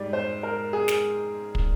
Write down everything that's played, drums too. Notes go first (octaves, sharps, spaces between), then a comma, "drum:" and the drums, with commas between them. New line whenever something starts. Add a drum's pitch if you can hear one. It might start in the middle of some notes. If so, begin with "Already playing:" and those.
Already playing: G#2 G3 D5
C5
A#4
G#4
drum: snare
drum: kick